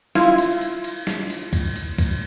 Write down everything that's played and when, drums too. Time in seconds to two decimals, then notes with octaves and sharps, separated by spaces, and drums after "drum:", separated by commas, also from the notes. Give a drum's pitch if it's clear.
0.15 E4 F4 G#6 C7, drum: snare
0.38 drum: cymbal
0.61 drum: cymbal
0.84 drum: cymbal
1.07 drum: snare
1.30 drum: cymbal
1.53 drum: kick C#2, cymbal
1.76 drum: cymbal
1.98 drum: kick C#2, cymbal